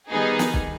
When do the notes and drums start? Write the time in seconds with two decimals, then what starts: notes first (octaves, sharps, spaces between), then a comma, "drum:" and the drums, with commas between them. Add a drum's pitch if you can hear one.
0.10 D#3 G3 B3 D#4 G#4
0.39 drum: snare
0.53 drum: kick B1